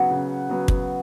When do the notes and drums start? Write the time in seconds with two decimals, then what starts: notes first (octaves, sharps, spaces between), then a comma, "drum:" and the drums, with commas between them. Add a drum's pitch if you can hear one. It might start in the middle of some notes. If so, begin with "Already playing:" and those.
Already playing: C#3 F#3 B3 F#5
0.11 C#3
0.49 F#3 B3
0.68 drum: kick